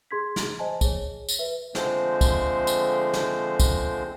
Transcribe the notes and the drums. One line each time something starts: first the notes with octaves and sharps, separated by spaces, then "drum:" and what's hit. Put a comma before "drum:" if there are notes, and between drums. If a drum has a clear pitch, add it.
G#4 C6 G#6 B6
drum: snare
C5 D#5 G#5 A5
G#4 C#5, drum: kick, tambourine
drum: tambourine
B4 E5
D3 F3 G#3 A3 C4 C5, drum: snare
drum: kick, tambourine
drum: tambourine
drum: snare
drum: kick, tambourine